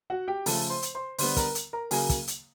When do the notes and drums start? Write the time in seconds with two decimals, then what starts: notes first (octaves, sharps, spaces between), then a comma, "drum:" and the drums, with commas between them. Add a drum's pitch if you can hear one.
0.10 F#4 F#5
0.28 G4 G5
0.46 C#3 F3 A3 A4 A5, drum: open hi-hat
0.70 C5 C6
0.82 drum: hi-hat
0.95 C5 C6
1.18 D3 G3 B3 C5 C6, drum: open hi-hat
1.36 A#4 A#5, drum: kick, hi-hat
1.55 drum: hi-hat
1.73 A#4 A#5
1.91 C#3 F#3 A#3 G#4 G#5, drum: open hi-hat
2.09 drum: kick, hi-hat
2.28 drum: hi-hat